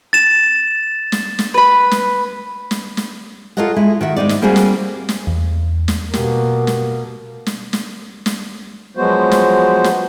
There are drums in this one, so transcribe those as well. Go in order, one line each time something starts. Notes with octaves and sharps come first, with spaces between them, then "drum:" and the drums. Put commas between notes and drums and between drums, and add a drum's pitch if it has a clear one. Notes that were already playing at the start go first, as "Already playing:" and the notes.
A6 E7
drum: snare
drum: snare
B4 B5
drum: snare
drum: snare
drum: snare
F4 A4 A#4 C#5 D#5 F#5
G#3 E4
D#3 F#4 E5
G#2 G3 D#4 D5
drum: snare
G3 A#3 C4 F#4 G#4 A#4
drum: snare
drum: snare
E2
drum: snare
B2 A#3 G4, drum: snare
drum: snare
drum: snare
drum: snare
drum: snare
F3 F#3 G#3 B3 F#4 C5
drum: snare
drum: snare